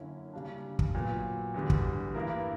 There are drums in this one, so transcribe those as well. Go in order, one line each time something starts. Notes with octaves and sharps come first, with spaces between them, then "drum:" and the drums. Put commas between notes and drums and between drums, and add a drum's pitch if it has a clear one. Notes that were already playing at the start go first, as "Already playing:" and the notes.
Already playing: F#2 D3 A#3 C#4 E4
C#3 G3 A#3 D4
drum: kick
A#2 F#3 B3
E2 D3 G3
drum: kick
G2 E3 A#3 E4 A#4